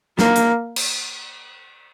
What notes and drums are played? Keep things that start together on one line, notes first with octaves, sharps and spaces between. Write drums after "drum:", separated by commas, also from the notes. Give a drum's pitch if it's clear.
A#3, drum: snare
drum: hi-hat
drum: cymbal